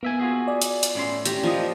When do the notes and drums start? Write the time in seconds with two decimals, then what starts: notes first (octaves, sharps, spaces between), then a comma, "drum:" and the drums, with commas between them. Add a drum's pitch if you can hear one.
0.03 A#3 B3 E5 G#5
0.19 F4 F#4 G#4
0.48 D5
0.62 drum: hi-hat
0.83 drum: hi-hat
0.95 A2 C#4 C6
1.26 G4 A#5, drum: hi-hat
1.43 F3 A#3 F4 D#5